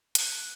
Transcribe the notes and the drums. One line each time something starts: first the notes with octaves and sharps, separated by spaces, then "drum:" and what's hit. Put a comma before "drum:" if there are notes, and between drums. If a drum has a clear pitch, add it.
F#6, drum: hi-hat